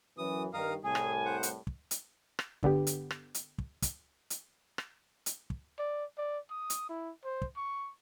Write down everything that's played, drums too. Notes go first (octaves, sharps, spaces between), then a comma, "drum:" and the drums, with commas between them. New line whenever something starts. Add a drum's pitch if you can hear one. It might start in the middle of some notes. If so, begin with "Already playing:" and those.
F#2 E3 D#6
G2 D#3 A#4 F5 D#6
C2 A2 G#4 G#5
drum: rim click
C5 F#5
drum: hi-hat
drum: kick
drum: hi-hat
drum: rim click
G1 D3 B3 G4, drum: kick
drum: hi-hat
drum: rim click
drum: hi-hat
drum: kick
drum: kick, hi-hat
drum: hi-hat
drum: rim click
drum: hi-hat
drum: kick
D5
D5
D#6
drum: hi-hat
E4
C5
drum: kick
C#6